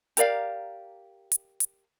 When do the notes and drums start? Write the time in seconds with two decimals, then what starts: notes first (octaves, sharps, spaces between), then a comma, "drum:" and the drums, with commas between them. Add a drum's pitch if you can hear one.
0.17 G4 A#4 D5 F5, drum: hi-hat
1.32 drum: hi-hat
1.60 drum: hi-hat